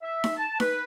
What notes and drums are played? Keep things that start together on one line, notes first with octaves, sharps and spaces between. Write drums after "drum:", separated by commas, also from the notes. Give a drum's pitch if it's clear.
E5
drum: snare D#4
A5
B4, drum: snare D#4